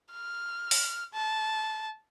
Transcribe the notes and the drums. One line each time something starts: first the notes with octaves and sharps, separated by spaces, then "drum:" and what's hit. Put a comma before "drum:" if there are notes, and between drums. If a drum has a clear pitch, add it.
F6
drum: open hi-hat
A5